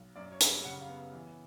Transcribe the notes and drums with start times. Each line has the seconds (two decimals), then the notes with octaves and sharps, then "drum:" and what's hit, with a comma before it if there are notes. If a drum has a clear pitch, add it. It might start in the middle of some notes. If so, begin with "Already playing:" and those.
Already playing: B1
0.16 F#2 D5
0.32 C#5
0.40 G3, drum: hi-hat
0.48 C#5
0.65 C#3 F#5
0.81 F5
0.89 B3
1.13 E3